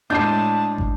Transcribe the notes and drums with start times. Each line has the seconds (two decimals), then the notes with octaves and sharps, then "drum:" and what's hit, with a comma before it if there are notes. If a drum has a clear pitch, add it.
0.10 A2 G#3 D4 A5 G6 C7
0.78 drum: kick